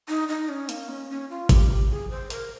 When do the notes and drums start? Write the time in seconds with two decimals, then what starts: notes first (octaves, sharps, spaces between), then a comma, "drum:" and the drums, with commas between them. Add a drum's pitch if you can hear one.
0.09 D#4
0.28 D#4
0.49 C#4
0.69 A#3, drum: hi-hat
0.89 C#4
1.10 C#4
1.29 F4
1.49 G4, drum: kick G#1, hi-hat
1.70 G4
1.90 G#4
2.10 C5
2.30 A#4, drum: hi-hat